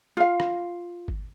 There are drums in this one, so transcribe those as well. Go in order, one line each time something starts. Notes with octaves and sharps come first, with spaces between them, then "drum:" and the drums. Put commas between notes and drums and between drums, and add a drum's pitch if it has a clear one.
F4 F5
drum: rim click
drum: kick G#1